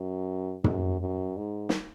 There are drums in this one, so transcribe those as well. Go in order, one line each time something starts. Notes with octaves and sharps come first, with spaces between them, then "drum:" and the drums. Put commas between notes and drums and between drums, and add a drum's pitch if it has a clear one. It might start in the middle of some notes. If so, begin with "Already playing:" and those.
Already playing: F#2
F#2, drum: tom
F#2
G#2
drum: snare